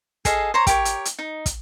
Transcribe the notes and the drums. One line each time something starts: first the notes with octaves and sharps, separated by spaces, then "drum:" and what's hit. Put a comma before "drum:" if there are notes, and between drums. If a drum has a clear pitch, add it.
G#4 A4 D#5 F5, drum: kick, hi-hat
C5 C#5 A#5
G4 A#4 C#5, drum: kick, hi-hat
drum: hi-hat
drum: hi-hat
D#4
drum: kick, hi-hat